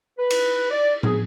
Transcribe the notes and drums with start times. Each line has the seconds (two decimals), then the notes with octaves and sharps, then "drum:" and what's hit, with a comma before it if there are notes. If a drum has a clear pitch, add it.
0.19 B4
0.30 drum: cymbal
0.71 D5
1.03 G#4, drum: tom